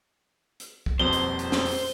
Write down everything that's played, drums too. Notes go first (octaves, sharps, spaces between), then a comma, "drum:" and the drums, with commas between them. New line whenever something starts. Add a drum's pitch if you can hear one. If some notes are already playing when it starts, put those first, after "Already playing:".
drum: hi-hat
drum: kick
D#1 F2 B2 C5 G7
drum: hi-hat
drum: hi-hat
drum: snare
drum: open hi-hat